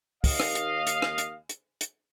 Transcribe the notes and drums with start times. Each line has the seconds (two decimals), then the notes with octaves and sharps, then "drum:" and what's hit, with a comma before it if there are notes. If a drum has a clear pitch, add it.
0.24 D#2 D#5 F5, drum: kick, open hi-hat
0.40 drum: rim click
0.55 drum: hi-hat
0.87 drum: hi-hat
1.02 drum: rim click
1.18 drum: hi-hat
1.49 drum: hi-hat
1.81 drum: hi-hat